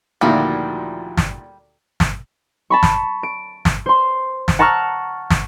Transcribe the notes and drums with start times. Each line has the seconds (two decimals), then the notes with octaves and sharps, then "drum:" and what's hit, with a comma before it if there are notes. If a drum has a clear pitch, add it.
0.21 D2 A#2 D#3 F3 G3 E4 F#4
1.17 drum: snare
2.00 drum: snare
2.70 A5 B5 C#6
2.83 drum: snare
3.23 D7
3.65 drum: snare
3.86 C5 C6
4.48 drum: snare
4.59 F#5 A5 A#5 C#6 E6 F6
5.30 drum: snare